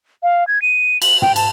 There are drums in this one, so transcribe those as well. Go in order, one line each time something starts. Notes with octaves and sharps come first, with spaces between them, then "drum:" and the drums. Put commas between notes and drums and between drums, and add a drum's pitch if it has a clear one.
F5
G#6
D#7
F#7, drum: cymbal
G5, drum: tom
A5, drum: cymbal